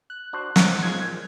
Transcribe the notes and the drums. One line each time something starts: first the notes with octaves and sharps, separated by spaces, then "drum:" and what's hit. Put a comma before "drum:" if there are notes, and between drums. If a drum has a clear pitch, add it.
F#6
D4 F#4 C5
C4 D#4 C#5, drum: snare
G#2 F3 G#3 G#6
A#2